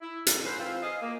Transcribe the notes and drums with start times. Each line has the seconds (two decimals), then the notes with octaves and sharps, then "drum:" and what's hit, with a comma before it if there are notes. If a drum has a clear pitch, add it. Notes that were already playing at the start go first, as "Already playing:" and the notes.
0.01 E4
0.27 G2 E3 A4, drum: hi-hat
0.43 G#2 B4 C5
0.59 E3 C4 F4
0.82 G#4 D#5 F5
1.02 A#3